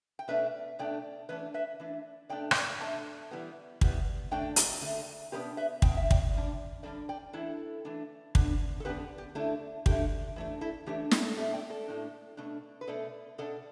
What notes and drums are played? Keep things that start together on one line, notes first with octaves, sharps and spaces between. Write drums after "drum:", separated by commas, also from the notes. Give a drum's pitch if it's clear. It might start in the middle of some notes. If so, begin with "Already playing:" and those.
G5
B2 A3 D4 B4 E5
B2 A3 D4 D5 G5
E3 A3 D4 B4 E5
B4 E5
E3 A3 D4
B2 A3 D4 D5 G5
drum: rim click
B2 A3 D4 E5 A5
E3 G3 B3
E3 G3 B3, drum: kick
D3 A3 D4 D5 G5
drum: hi-hat
D3 A3 D4
B2 B3 D4 G4 B4
B4 E5
B2 B3 D4 G5, drum: kick
E5
D5 G5, drum: kick
D3 G3 D4
D3 G3 D4 A4 D5
D5 G5
E3 A3 D4 E4 A4
E3 A3 D4
D3 B3 D4, drum: kick
A4
D3 B3 D4 G4 B4
G4
D3 A3 D4 E4 A4
D3 A3 D4 G4, drum: kick
E3 A3 D4
E4 A4
E3 A3 D4 G4
E4, drum: snare
A4
A2 A3 D4 G4
D5 G5
A4 D5
A2 A3 D4
B2 A3 D4
B4
B2 A3 D4 A4 D5
B2 B3 D4 A4 D5